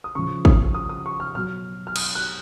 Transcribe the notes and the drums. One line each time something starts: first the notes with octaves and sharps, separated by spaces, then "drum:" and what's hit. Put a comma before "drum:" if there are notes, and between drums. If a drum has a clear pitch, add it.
D#6
C#3 F3 C#6
D#6, drum: kick
D#6
D#6
C#6
F6
B2 F#3 F6
F6
D#6, drum: cymbal
F#6